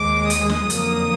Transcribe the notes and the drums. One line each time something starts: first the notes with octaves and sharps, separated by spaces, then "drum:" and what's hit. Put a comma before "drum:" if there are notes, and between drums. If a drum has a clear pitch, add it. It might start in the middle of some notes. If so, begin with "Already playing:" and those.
Already playing: D#2 D#3 G#3 D6
D#6, drum: hi-hat
drum: snare
F2 D3 F#3 A#3, drum: hi-hat